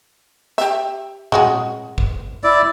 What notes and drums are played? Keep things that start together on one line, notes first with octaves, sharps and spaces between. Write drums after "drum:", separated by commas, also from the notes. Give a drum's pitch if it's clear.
G4 E5, drum: hi-hat
G#3 F#4 G#4, drum: tom A#2
drum: kick
E4 D5